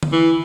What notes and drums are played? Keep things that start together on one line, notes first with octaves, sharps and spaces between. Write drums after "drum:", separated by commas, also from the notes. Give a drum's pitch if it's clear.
drum: tom D3
E3